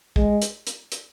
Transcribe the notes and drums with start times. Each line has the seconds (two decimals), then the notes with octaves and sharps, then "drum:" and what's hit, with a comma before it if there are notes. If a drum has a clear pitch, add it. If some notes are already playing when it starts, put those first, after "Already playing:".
0.16 G#3, drum: kick
0.42 drum: hi-hat
0.67 drum: hi-hat
0.92 drum: hi-hat